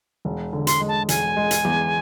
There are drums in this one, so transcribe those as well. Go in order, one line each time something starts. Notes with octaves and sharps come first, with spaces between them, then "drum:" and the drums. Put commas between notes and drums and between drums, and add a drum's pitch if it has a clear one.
E1
D3
C6, drum: hi-hat
G#3
A5
E1 G#5, drum: hi-hat
G#3
drum: hi-hat
E2